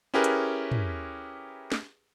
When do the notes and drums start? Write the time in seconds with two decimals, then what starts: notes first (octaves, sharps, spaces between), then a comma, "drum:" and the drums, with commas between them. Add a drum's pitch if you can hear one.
0.14 C#4 E4 G4 G#4 A#4 B4
0.24 drum: hi-hat
0.71 drum: tom
1.72 drum: snare